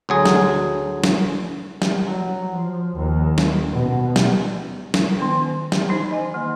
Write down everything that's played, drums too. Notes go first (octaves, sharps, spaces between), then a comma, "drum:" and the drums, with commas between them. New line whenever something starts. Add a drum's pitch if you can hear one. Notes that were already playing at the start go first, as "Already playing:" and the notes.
D2 F#3 G#4
drum: snare
drum: snare
drum: snare
F#3
F3
D#2
drum: snare
B2
drum: snare
drum: snare
D#3 B3 G5
drum: snare
E3 D#4 C5
D#5 G#5
D#3 A#3